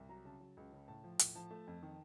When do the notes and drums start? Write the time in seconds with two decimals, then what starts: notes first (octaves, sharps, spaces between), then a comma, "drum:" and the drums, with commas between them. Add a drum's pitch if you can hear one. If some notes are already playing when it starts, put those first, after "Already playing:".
Already playing: C2
0.09 F#3 A#5
0.25 C#3 A5
0.40 F#3
0.57 C#2
0.72 C#3
0.88 A2 A5
1.04 F3
1.19 A2, drum: hi-hat
1.35 F3 A5
1.51 A3
1.67 F2
1.83 D#3